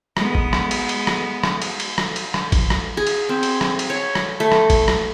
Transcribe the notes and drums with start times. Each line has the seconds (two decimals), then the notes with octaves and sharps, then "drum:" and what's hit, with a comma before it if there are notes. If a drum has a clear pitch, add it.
0.17 G#3 B3, drum: rim click
0.35 drum: kick
0.53 drum: rim click
0.71 drum: cymbal
0.89 drum: cymbal
1.07 drum: rim click
1.43 drum: rim click
1.62 drum: cymbal
1.80 drum: cymbal
1.98 drum: rim click
2.16 drum: cymbal
2.34 drum: rim click
2.52 drum: kick, cymbal
2.70 drum: rim click
2.97 G#4
3.07 drum: cymbal
3.29 C4
3.43 drum: cymbal
3.61 drum: rim click
3.79 drum: cymbal
3.90 C#5
4.15 drum: rim click
4.40 A3
4.52 drum: rim click
4.70 drum: kick, cymbal
4.88 drum: rim click